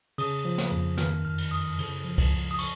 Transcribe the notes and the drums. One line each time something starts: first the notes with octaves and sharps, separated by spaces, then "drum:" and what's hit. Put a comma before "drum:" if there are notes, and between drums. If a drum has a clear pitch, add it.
C#3 D#6, drum: cymbal
F3
drum: snare
F2
D#3 F6, drum: snare
F#2 F6
drum: cymbal
F#2 D#6
C#3, drum: cymbal
F3
drum: kick C#2, cymbal
C#2
D#6
C#6, drum: cymbal